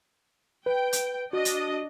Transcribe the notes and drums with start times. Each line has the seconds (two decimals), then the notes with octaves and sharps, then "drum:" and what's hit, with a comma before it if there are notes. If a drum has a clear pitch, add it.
0.66 B4 G5
0.93 drum: hi-hat
1.33 D4 F#4 D#5
1.45 drum: hi-hat